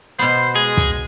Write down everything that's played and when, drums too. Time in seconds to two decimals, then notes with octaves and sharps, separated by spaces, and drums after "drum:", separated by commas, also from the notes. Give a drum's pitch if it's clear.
0.19 B2 B3 C5, drum: hi-hat
0.55 G#3 G#4
0.77 drum: kick, hi-hat